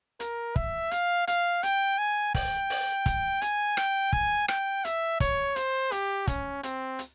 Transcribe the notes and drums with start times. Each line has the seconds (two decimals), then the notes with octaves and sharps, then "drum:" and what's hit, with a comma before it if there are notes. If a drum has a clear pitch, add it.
0.20 A#4, drum: hi-hat
0.56 E5, drum: kick
0.91 F5, drum: hi-hat
1.27 F5, drum: hi-hat
1.63 G5, drum: hi-hat
1.98 G#5
2.34 G5, drum: kick, open hi-hat
2.70 drum: open hi-hat
3.06 drum: kick, hi-hat
3.42 G#5, drum: hi-hat
3.77 G5, drum: rim click
4.13 G#5, drum: kick
4.48 G5, drum: rim click
4.85 E5, drum: hi-hat
5.20 C#5, drum: kick, hi-hat
5.56 C5, drum: hi-hat
5.92 G4, drum: hi-hat
6.27 C#4, drum: kick, hi-hat
6.63 C4, drum: hi-hat
6.99 drum: hi-hat